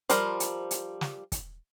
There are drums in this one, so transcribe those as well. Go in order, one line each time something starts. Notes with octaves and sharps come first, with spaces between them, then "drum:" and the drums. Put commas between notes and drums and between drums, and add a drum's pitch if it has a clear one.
F3 G3 F4 A#4 C5, drum: hi-hat
drum: hi-hat
drum: hi-hat
drum: snare
drum: kick, hi-hat